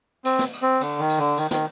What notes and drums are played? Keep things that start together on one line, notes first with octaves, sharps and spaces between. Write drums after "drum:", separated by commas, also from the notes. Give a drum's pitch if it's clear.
C4, drum: cymbal
drum: snare
drum: cymbal
C4
D3, drum: cymbal
D#3
drum: cymbal
D3
D#3, drum: cymbal
D#3, drum: snare